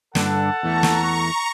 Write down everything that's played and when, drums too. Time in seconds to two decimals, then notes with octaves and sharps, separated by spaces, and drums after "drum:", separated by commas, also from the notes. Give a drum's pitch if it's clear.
0.15 G2 D3 D4 A4 F#5 A5, drum: snare
0.63 E2 E3 A3 A#5 C#6
0.83 drum: snare